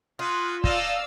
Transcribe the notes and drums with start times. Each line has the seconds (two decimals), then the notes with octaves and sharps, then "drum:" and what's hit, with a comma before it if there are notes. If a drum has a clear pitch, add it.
0.19 F4 F#4 G#4 B4
0.64 D#4 A4 D5 D#5 F5 E6, drum: kick